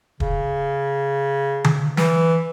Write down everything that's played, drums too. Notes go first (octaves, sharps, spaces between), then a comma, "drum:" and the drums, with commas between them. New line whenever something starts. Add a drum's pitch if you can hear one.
C#3, drum: kick
drum: tom D3
E3, drum: snare